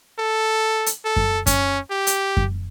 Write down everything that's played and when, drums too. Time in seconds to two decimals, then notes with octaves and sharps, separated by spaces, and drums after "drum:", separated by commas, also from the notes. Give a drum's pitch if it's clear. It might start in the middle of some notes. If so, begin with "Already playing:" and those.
0.19 A4
0.86 drum: hi-hat
1.05 A4
1.16 drum: kick F#2
1.47 C#4, drum: kick F#2, hi-hat
1.91 G4
2.07 drum: hi-hat
2.37 drum: kick F#2